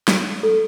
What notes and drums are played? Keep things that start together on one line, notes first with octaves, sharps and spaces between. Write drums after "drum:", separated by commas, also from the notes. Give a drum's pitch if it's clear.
drum: snare
A4